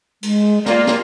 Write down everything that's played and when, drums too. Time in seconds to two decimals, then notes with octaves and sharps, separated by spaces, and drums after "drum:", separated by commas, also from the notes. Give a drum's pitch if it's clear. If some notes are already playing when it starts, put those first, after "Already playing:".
0.23 G#3, drum: cymbal
0.66 A#3 F4 D5, drum: snare
0.87 drum: snare